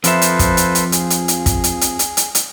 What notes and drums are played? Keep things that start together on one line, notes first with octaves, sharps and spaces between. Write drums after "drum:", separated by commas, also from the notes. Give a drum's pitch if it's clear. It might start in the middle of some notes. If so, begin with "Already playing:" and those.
F2 F3 A4 B4 C5 E5, drum: hi-hat
drum: hi-hat
drum: kick, hi-hat
drum: hi-hat
drum: hi-hat
G#4, drum: hi-hat
drum: hi-hat
drum: hi-hat
drum: kick, hi-hat
drum: hi-hat
drum: hi-hat
drum: hi-hat
drum: hi-hat
drum: hi-hat